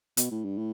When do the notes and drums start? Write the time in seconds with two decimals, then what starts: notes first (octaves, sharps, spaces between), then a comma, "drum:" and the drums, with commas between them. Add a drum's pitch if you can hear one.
0.17 B2, drum: hi-hat
0.31 A2
0.45 G2
0.58 A2